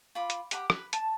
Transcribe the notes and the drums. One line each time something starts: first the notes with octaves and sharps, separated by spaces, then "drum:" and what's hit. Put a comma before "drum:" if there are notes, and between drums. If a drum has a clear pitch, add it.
F4 B5 D6
drum: hi-hat
G4 F#5 B5 D6, drum: hi-hat
B4, drum: rim click
A5, drum: hi-hat